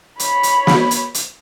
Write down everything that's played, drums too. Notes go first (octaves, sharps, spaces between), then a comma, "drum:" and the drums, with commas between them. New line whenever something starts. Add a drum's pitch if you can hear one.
C#5 B5, drum: hi-hat
drum: hi-hat
drum: snare
drum: hi-hat
drum: hi-hat